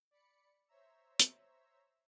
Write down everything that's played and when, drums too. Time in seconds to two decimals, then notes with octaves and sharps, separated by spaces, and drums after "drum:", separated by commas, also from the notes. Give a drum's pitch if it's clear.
0.11 D5 B5 C#7
0.68 C5 C#5 E5 A#5 E6
1.20 drum: hi-hat